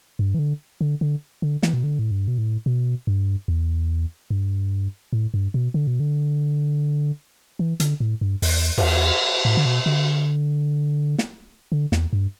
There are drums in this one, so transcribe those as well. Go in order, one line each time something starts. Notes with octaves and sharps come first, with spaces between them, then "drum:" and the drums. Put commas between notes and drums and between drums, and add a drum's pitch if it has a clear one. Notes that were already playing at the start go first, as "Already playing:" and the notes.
G2
E3
D3
D3
D3
D3
E3, drum: snare
B2
D3
A2
G2
B2
A2
B2
G2
E2
G2
A2
G2
B2
D3
B2
D3
E3
D3, drum: hi-hat
A2
G2
E2, drum: open hi-hat
G2, drum: cymbal
E2
A2
D3
B2
D3
drum: snare
D3
E2, drum: snare
G2